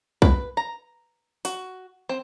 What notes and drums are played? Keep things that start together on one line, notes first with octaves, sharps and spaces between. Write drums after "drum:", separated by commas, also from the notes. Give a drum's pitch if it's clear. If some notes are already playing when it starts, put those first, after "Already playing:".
B4, drum: kick
A#5
F#4, drum: hi-hat
C4